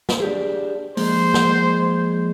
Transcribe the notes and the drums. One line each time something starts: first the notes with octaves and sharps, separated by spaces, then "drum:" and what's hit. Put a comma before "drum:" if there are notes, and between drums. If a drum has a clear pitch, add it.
drum: snare
D4 G4 G#4
F3 G#3 A#3 C5, drum: open hi-hat
drum: snare